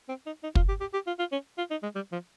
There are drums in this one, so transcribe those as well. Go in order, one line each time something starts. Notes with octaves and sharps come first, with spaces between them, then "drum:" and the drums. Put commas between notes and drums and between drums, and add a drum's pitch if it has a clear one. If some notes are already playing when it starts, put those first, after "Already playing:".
C4
D#4
D#4
F4, drum: kick
G4
G4
G4
F4
F4
C#4
F4
D#4
G#3
G3
F3